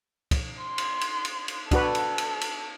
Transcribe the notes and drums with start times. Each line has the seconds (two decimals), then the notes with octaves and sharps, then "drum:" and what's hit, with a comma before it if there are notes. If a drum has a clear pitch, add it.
0.31 drum: kick, cymbal
0.62 C6
0.78 drum: cymbal
1.01 drum: cymbal
1.25 drum: cymbal
1.48 drum: cymbal
1.71 D4 F#4 A4 B4, drum: kick, cymbal
1.95 drum: cymbal
2.18 drum: cymbal
2.41 drum: cymbal